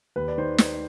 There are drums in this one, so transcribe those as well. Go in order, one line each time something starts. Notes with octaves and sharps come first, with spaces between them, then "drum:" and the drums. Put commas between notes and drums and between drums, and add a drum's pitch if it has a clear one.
D#2 B4
D5
D#3 C5
drum: snare